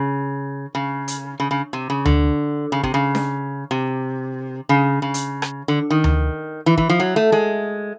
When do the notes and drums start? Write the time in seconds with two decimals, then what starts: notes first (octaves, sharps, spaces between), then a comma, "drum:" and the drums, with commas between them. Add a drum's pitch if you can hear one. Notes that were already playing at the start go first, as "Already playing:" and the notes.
Already playing: C#3
0.75 C#3
1.08 drum: hi-hat
1.40 C#3
1.51 C#3
1.73 C3
1.90 C#3
2.05 D3, drum: tom D2
2.72 C#3
2.83 C3, drum: kick
2.94 C#3
3.15 drum: snare D4
3.71 C3
4.69 C#3
5.02 C#3
5.14 drum: hi-hat
5.42 drum: rim click
5.68 D3
5.90 D#3
6.04 drum: tom D2
6.66 E3
6.78 E3, drum: kick
6.90 F3
7.00 F#3
7.16 A3
7.32 G#3